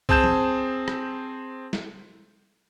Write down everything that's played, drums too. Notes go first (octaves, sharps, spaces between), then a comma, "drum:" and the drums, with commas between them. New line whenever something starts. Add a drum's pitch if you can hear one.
C4 G#4 A5 G6 E7, drum: kick B1
drum: tom E3
drum: rim click
drum: snare